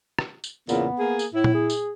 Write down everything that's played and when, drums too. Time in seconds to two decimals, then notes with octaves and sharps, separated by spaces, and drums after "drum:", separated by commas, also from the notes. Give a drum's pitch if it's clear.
0.19 drum: rim click
0.44 drum: tambourine
0.69 E2 A#2 C#3 B3, drum: tambourine
0.99 A#3 G#4
1.19 drum: tambourine
1.34 A2 E4
1.44 drum: tom A#2
1.54 G#4
1.70 drum: tambourine